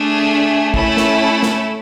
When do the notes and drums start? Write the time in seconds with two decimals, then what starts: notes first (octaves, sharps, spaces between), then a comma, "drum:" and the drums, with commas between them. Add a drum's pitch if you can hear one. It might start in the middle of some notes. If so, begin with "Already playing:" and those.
Already playing: A3 D4 G#4
0.74 A3 C#4 E4 A4, drum: kick A1
0.97 drum: snare
1.43 drum: snare